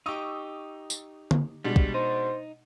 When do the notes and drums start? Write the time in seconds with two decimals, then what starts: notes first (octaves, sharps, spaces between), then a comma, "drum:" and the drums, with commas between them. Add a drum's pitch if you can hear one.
0.06 D#4 G4 C#6 D#6 E6
0.90 drum: tambourine
1.31 drum: tom D3
1.64 B2 G3 G#3 D4
1.76 drum: kick
1.94 D#4 C5